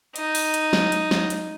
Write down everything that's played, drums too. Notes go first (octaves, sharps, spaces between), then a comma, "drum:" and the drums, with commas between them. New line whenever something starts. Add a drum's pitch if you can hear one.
D#4, drum: hi-hat
drum: open hi-hat
drum: hi-hat
drum: snare
drum: hi-hat
drum: snare
drum: hi-hat